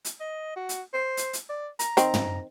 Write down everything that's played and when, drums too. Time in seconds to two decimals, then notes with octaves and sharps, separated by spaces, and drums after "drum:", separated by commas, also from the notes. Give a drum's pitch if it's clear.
0.05 drum: hi-hat
0.20 D#5
0.56 F#4
0.69 drum: hi-hat
0.94 C5
1.17 drum: hi-hat
1.33 drum: hi-hat
1.49 D5
1.79 A#5, drum: hi-hat
1.97 D#3 C4, drum: hi-hat
2.14 drum: tom